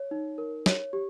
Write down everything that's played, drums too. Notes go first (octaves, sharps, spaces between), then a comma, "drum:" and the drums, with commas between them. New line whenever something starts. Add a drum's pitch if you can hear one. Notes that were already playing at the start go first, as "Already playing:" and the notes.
Already playing: C#5
D#4
A#4
C#5, drum: snare
G4